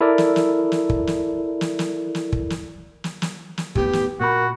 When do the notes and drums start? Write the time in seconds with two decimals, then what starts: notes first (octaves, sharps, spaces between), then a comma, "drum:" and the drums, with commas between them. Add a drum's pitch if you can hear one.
0.01 E4 A4 A#4 D5
0.18 drum: snare
0.36 drum: snare
0.72 drum: snare
0.89 drum: kick
1.07 drum: snare
1.61 drum: snare
1.79 drum: snare
2.15 drum: snare
2.32 drum: kick
2.50 drum: snare
3.04 drum: snare
3.22 drum: snare
3.58 drum: snare
3.75 D#2 A2 B3 G4, drum: kick
3.93 drum: snare
4.20 A#2 F#4 A#4 B5